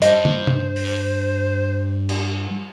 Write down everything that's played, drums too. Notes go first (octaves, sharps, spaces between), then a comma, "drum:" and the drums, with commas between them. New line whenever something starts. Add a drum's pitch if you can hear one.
G2 C5 D#5 A5, drum: hi-hat
drum: tom
drum: tom
drum: open hi-hat
drum: cymbal